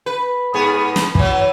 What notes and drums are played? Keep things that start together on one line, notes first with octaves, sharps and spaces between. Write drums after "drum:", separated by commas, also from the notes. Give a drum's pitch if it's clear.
B4
G#2 B3 G#4
drum: snare
E3 F#3, drum: kick